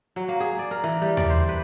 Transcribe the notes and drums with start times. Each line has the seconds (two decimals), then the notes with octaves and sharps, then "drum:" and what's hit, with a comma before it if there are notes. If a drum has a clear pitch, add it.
0.16 F#3
0.28 A#3
0.40 G#4
0.59 D5
0.71 A#4
0.84 E3
1.01 G3
1.17 D5, drum: tom D#2
1.30 C5
1.49 B4